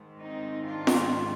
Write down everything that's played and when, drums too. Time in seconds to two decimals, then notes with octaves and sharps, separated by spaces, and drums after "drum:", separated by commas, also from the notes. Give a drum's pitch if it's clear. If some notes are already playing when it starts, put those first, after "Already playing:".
Already playing: G#2 D#3
0.20 C4 D#4
0.65 D4 F4
0.87 drum: snare F4